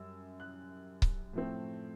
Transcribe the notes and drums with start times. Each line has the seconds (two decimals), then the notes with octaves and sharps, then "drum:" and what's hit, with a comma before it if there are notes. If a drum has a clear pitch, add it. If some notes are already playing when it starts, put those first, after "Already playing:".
Already playing: F#2 G3 E6
0.40 F#6
1.02 drum: kick C#1
1.33 A2 F3 A3 C4